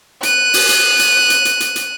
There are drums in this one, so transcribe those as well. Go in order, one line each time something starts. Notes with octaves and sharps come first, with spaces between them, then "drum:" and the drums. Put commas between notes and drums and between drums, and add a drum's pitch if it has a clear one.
F#6 D#7, drum: hi-hat
drum: open hi-hat
drum: hi-hat
drum: hi-hat
drum: hi-hat
drum: hi-hat
drum: hi-hat
drum: hi-hat